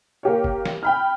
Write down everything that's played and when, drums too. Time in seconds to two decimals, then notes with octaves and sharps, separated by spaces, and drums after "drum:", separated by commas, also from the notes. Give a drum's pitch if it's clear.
0.23 A#3 G4 C#5
0.44 drum: kick
0.65 drum: snare
0.83 G5 B5 F6